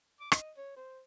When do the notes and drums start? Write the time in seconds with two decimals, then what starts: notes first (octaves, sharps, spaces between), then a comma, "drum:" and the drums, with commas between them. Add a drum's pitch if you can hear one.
0.20 D6
0.32 D#5, drum: rim click
0.57 C#5
0.76 C5